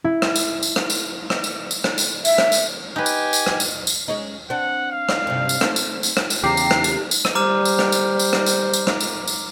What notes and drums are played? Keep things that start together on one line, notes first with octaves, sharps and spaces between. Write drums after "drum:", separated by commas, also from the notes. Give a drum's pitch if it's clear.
E4
drum: rim click
drum: tambourine
drum: tambourine
drum: rim click
drum: tambourine
drum: rim click
drum: tambourine
drum: tambourine
drum: rim click
drum: tambourine
E5, drum: tambourine
drum: rim click
drum: tambourine
D#4 G4 B4 G#5
drum: tambourine
drum: tambourine
drum: rim click
drum: tambourine
drum: tambourine
G#3 C#4 D#4
C4 D4 F#5
F5
drum: rim click
G2 C3
drum: tambourine
A3 C4, drum: rim click
drum: tambourine
drum: tambourine
drum: rim click
drum: tambourine
E2 C#3 G4 A#5 C7
drum: tambourine
drum: rim click
drum: tambourine
drum: tambourine
drum: rim click
G3 C5 A#5 D6 F6
drum: tambourine
drum: rim click
drum: tambourine
drum: tambourine
drum: rim click
drum: tambourine
drum: tambourine
drum: rim click
drum: tambourine
drum: tambourine